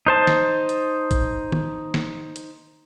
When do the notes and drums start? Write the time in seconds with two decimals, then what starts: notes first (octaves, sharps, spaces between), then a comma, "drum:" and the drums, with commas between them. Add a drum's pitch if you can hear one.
0.07 D#4 C5 A5
0.27 drum: snare
0.69 drum: hi-hat
1.11 drum: kick, hi-hat
1.52 drum: tom D#3
1.94 drum: snare
2.36 drum: hi-hat